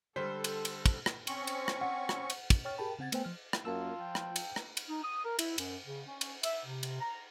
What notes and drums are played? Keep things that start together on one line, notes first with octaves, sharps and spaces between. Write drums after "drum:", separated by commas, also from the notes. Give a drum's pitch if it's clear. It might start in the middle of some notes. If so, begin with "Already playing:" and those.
D3 G3 A4 C5 B6
drum: cymbal
drum: cymbal
drum: kick, cymbal
drum: rim click
C4 C#4 C#6, drum: cymbal
drum: cymbal
drum: rim click
F#5
drum: rim click
drum: cymbal
drum: kick, cymbal
C#5 G5 C#6 F6 A6
G4 G#4 A#4 G5 A5 B5
C#3 C4 F#5 G#6 A6
A3 B3 B4 C5 G5 G#5, drum: cymbal
F3 F6
drum: rim click
F#2 A#3 F4 F5 A5 E6
F3 G5
drum: rim click
drum: cymbal
drum: rim click
drum: cymbal
D#4
D#6
A#4
E4, drum: cymbal
F#2, drum: cymbal
C#3
C#4
drum: cymbal
E5, drum: cymbal
C3
drum: cymbal
A#5